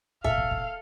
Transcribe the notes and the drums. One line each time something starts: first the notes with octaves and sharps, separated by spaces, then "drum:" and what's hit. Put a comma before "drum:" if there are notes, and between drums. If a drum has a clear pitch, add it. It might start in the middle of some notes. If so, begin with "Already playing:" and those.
F1 A#2 A4 E5 F5
drum: kick
drum: kick